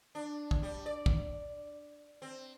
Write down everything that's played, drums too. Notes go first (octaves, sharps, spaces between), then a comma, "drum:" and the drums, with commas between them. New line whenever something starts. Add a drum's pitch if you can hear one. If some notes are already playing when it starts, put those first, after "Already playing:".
D4
drum: kick
G3
D5
drum: kick
C4